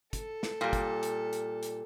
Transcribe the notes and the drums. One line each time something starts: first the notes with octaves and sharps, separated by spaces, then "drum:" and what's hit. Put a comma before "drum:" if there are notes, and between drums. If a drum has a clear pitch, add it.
A4, drum: kick, hi-hat
drum: snare
A#2 G3
drum: kick, hi-hat
drum: hi-hat
drum: hi-hat
drum: hi-hat